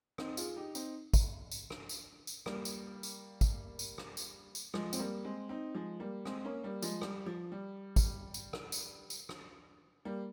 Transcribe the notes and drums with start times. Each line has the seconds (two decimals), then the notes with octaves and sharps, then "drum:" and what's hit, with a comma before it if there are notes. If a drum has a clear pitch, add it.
0.18 C4 D#4, drum: rim click
0.37 F4 G#4, drum: tambourine
0.56 D#4 G4
0.75 C4 D#4, drum: tambourine
1.14 drum: kick, tambourine
1.51 drum: tambourine
1.70 drum: rim click
1.89 drum: tambourine
2.27 drum: tambourine
2.46 G3 A#3, drum: rim click
2.65 drum: tambourine
3.03 drum: tambourine
3.41 drum: kick, tambourine
3.79 drum: tambourine
3.98 drum: rim click
4.17 drum: tambourine
4.55 drum: tambourine
4.74 F3 G#3, drum: rim click
4.93 C4, drum: tambourine
4.99 G3 A#3
5.24 G#3 C4
5.49 C4 D#4
5.75 F3 G#3
6.00 G3 A#3
6.25 G#3 C4, drum: rim click
6.45 A#3 C#4
6.63 G3 A#3
6.82 F3 G#3, drum: tambourine
7.01 G3, drum: rim click
7.26 F3
7.52 G3
7.96 drum: kick, tambourine
8.34 drum: tambourine
8.53 drum: rim click
8.72 drum: tambourine
9.10 drum: tambourine
9.29 drum: rim click
10.05 G3 A#3